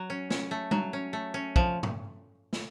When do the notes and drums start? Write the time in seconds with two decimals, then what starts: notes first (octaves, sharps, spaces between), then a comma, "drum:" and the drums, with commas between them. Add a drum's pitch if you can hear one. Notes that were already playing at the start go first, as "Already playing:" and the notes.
Already playing: F#3
0.10 C#4
0.30 C#4, drum: snare
0.51 A3
0.71 F#3, drum: tom G3
0.93 C#4
1.13 A3
1.34 C#4
1.56 F3, drum: kick
1.83 drum: tom G2
2.53 drum: snare